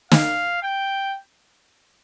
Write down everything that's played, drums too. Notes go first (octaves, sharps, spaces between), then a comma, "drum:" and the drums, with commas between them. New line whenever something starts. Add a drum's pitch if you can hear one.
F5, drum: snare
G5